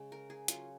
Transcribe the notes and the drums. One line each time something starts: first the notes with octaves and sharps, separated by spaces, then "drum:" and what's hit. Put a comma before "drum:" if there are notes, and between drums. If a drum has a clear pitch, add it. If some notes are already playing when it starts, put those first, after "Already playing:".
Already playing: C#3 G#3 C#4
A#4
G#4
F#3 C#4 F4, drum: hi-hat